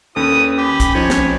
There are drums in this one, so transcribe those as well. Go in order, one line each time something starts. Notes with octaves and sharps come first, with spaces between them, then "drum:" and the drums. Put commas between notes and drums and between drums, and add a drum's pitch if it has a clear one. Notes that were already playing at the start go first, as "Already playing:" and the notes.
D#2 C#4 D4 E4 A4 B4 D#6
G4 G#5 B5
drum: kick, hi-hat
F3 D#4 C#5
drum: snare